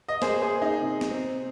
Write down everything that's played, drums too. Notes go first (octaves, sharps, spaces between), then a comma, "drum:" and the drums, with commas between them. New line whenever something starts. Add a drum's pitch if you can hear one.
D#5
A#3 G#4 C5, drum: snare
G#4 C5
A#3
D#4 G#4
C3
drum: snare
C4